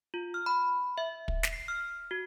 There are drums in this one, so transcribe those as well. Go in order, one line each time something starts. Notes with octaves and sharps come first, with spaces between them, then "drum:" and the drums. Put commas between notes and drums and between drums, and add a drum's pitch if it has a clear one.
F4
F6
B5
E5
drum: kick
drum: snare
C7
F6
F#4